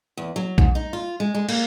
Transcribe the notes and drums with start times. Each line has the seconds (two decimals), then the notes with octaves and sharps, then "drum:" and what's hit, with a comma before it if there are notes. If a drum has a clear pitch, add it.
0.17 E2
0.36 F#3
0.58 G#2, drum: kick A#1
0.75 D#4
0.93 F4
1.20 G#3
1.35 G#3
1.49 A#3, drum: cymbal